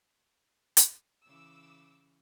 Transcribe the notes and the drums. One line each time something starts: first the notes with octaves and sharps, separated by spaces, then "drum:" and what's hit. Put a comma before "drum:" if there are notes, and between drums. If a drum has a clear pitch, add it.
drum: hi-hat
C#3 E3 D6 E6